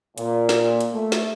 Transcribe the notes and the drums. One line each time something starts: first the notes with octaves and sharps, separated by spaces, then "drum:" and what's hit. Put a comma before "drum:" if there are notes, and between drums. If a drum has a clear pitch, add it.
A#2, drum: hi-hat
drum: snare
drum: hi-hat
A3
drum: snare